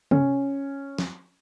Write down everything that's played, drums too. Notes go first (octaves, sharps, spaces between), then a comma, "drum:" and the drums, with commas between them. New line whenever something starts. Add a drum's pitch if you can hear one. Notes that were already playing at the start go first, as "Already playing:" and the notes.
C#4, drum: tom C3
drum: snare